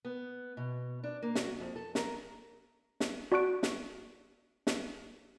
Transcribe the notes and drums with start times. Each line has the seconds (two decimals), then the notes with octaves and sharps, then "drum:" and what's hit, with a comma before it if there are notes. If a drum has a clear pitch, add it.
0.05 B3
0.57 B2
1.04 D4
1.22 A#3
1.35 F#4, drum: snare
1.60 F2
1.76 A4
1.95 A#4, drum: snare
3.00 drum: snare
3.32 F#4 D5 A5 C#6 F#6 D7
3.63 drum: snare
4.67 drum: snare